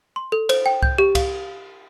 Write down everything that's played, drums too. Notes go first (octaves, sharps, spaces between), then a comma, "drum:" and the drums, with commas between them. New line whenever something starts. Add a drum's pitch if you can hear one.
C6
A4
C5, drum: cymbal
G5
G6, drum: kick C2
G4
F5, drum: kick C2, cymbal